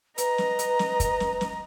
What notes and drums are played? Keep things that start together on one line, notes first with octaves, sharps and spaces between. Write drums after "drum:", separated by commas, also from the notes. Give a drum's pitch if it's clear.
B4 D#5 A#5, drum: hi-hat
drum: snare
drum: hi-hat
drum: snare
drum: kick, hi-hat
drum: snare
drum: snare